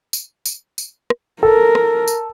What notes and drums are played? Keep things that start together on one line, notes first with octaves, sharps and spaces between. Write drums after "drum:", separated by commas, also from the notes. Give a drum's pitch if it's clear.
drum: tambourine
drum: tambourine
drum: tambourine
drum: rim click
A4 A#4
drum: rim click
drum: tambourine